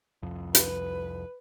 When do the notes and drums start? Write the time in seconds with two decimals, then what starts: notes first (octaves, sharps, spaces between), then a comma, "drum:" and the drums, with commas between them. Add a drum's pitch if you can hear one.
0.22 C2 F2
0.55 B4, drum: hi-hat